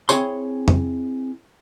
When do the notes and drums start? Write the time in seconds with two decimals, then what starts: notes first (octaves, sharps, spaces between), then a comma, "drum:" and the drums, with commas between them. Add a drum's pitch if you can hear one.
0.09 C4 E4 G#4 C#5 C6, drum: tambourine
0.68 drum: tom F2